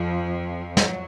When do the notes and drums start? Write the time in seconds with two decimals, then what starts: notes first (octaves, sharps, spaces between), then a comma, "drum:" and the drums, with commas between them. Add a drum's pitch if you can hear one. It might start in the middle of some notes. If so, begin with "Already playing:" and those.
Already playing: F2 F3
0.77 F#3, drum: snare